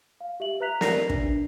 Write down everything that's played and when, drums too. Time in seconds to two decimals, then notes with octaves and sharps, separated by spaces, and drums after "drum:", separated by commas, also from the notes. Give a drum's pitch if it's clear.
0.21 F5
0.40 G4 E5 F#7
0.60 B4 E5 A#5 F#6 B6 F7
0.81 A#4 D5 A#6 C7 F7, drum: snare
1.09 D4, drum: kick